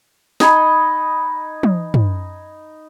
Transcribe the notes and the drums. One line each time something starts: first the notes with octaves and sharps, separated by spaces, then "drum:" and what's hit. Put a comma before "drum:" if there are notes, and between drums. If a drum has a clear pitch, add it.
D#4 G#5 B5, drum: snare
drum: tom
drum: tom